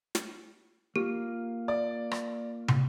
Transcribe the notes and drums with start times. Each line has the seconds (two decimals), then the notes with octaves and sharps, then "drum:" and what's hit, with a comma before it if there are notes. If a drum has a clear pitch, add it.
0.15 drum: snare
0.96 A#3 F4 G4
1.68 D5
2.11 drum: rim click
2.68 drum: tom